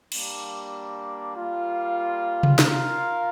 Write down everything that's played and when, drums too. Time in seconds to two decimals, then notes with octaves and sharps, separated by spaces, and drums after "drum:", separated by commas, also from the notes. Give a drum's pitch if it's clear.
0.12 G3 A#3 D4, drum: cymbal
1.36 G3 A#3 F4
2.43 drum: tom C3
2.59 F4 A#4 F5, drum: snare